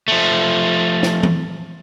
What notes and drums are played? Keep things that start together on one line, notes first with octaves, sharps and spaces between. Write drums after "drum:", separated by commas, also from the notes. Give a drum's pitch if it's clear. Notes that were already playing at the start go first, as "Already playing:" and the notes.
F3 A3
drum: snare
drum: tom E3